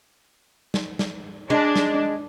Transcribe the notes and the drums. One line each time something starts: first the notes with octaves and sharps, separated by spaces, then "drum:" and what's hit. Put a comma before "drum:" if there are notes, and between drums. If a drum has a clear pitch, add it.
drum: snare
drum: snare
G#3 D4
drum: snare